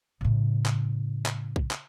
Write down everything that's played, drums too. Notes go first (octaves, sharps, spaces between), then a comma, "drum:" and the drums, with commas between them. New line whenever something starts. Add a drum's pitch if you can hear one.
A2 C#3
drum: clap
drum: clap
drum: kick A#1
drum: clap